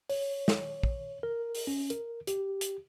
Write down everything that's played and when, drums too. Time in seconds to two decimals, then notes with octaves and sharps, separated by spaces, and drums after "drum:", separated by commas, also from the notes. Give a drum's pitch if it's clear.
0.10 C#5, drum: open hi-hat
0.48 drum: snare
0.83 drum: kick
1.23 A#4
1.55 drum: open hi-hat
1.67 C#4
1.90 A#4, drum: hi-hat
2.27 G4, drum: hi-hat
2.61 drum: hi-hat